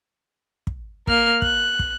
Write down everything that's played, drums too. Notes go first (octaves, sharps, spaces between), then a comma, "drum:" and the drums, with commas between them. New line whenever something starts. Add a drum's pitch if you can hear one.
drum: kick
A#3 F6, drum: kick
F#6, drum: kick
drum: kick